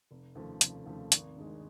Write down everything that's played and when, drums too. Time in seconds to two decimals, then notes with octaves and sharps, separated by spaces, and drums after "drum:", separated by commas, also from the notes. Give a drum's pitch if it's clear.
0.11 F1
0.35 D#2 C#3 F3 A3
0.61 F1, drum: hi-hat
0.86 D#2 C#3 F3 A3
1.12 G#1, drum: hi-hat
1.36 G2 D#3 G#3